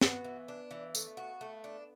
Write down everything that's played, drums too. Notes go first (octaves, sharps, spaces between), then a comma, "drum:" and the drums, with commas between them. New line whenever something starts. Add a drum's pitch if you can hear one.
B3 F#4, drum: snare
E3
D4
E3
A3, drum: tambourine
F#4
A3
D4